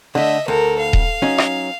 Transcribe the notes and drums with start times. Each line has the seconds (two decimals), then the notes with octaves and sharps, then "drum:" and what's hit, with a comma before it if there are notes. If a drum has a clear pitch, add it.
0.15 D3 A3 D#5 E5
0.48 D2 A4 A#4
0.81 F5
0.93 drum: kick D#1
1.22 F#3 C#4 D#4
1.38 drum: rim click